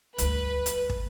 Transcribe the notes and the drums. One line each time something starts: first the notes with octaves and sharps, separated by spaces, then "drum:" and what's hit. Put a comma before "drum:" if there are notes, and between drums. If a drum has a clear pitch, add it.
G1 D2 B4, drum: hi-hat
drum: hi-hat
drum: kick